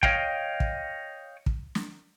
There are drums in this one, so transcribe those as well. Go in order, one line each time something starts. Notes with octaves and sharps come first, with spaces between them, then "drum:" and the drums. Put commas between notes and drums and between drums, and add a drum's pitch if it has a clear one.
C#5 D#5 F5 G5, drum: kick
drum: kick
drum: kick
drum: snare